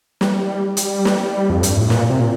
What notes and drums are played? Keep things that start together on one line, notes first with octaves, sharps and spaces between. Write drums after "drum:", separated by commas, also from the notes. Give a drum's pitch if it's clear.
G3, drum: snare
G3, drum: hi-hat
drum: snare
F2
G2, drum: hi-hat
A2
A#2, drum: snare
C3
A#2